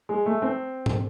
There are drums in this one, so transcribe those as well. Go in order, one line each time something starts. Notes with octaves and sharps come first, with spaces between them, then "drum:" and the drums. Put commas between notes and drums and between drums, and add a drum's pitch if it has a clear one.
G#3
A3
C4
drum: tom G#2